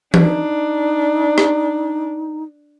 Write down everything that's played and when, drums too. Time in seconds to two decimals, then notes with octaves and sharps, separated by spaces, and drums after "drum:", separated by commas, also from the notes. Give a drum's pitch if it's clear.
0.14 D4 D#4, drum: tom
1.38 drum: rim click